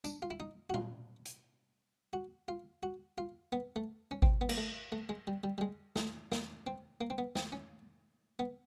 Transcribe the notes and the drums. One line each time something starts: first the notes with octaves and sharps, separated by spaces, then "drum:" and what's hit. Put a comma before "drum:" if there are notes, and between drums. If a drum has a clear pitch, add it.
D4, drum: tambourine
F4
E4
D#4
F#4
F4, drum: tom A#2
drum: hi-hat
F#4
F4
F#4
F4
B3
A3
C#4
C4, drum: kick G#1
B3
A#3, drum: cymbal
A3
A3
G#3
G3
G3
G3
G#3
A3, drum: snare
A#3, drum: snare
C4
A#3
C4
B3
C4, drum: snare
C#4
B3